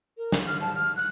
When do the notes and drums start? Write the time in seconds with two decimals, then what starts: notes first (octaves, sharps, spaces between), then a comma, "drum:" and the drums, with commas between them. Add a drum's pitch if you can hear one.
0.18 A#4
0.32 drum: snare
0.47 F6
0.61 A5
0.75 F6
0.96 F#6